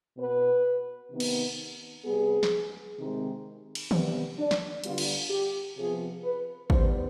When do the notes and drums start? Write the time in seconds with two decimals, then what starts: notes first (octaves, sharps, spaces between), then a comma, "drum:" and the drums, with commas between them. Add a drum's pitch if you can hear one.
0.17 B2 B3 B4
1.11 C3 D#3 B3
1.20 drum: cymbal
2.04 C3 G3 B3 G#4
2.43 drum: snare
2.98 C3 D#3 G#3 C4
3.75 drum: cymbal
3.91 C3 G3 B3, drum: tom D#3
4.38 D4
4.51 drum: snare
4.84 D3 G3 B3 F4, drum: hi-hat
4.98 drum: cymbal
5.30 G4
5.77 C3 F3 B3 G#4
6.23 B4
6.70 D#3 G3 B3 C5, drum: kick